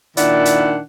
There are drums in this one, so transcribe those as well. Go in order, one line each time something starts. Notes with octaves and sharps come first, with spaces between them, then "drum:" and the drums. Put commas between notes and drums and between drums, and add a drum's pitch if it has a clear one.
A#2 D#3 D4 E4 D5 F#5, drum: hi-hat
drum: hi-hat